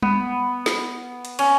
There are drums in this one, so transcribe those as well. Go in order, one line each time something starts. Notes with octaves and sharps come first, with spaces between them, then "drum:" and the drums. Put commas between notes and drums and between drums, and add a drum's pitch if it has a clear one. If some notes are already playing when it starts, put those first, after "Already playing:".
B3, drum: tom
drum: snare
drum: hi-hat
C#4, drum: cymbal